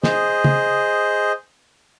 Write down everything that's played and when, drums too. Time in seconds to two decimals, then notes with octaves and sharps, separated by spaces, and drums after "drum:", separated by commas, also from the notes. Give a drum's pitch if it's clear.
0.03 G#4 C5 D#5, drum: snare
0.44 drum: tom